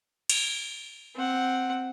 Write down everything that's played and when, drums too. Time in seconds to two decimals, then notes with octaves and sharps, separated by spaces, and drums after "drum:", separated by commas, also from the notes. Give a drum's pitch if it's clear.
0.30 drum: cymbal
1.15 C4 F#5